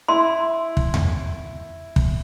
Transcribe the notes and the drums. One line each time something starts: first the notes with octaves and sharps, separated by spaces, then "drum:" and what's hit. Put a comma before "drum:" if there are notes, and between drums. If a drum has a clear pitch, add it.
E4 C6
drum: kick
drum: tom E2
drum: kick